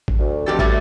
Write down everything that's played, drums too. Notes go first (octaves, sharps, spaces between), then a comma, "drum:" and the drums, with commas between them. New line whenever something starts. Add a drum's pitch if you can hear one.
drum: kick
D2
F2 G4 A4
F#3 G3 A3, drum: kick